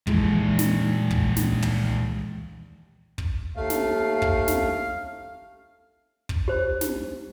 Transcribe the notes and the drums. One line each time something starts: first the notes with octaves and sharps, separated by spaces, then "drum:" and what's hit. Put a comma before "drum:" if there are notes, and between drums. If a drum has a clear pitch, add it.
F2 A#2 D#3 E3 G#3, drum: kick
drum: snare
drum: kick
drum: snare
drum: tom
drum: kick
D#2 A3 F5
drum: snare
drum: kick
drum: snare
drum: kick
G4 C5
drum: snare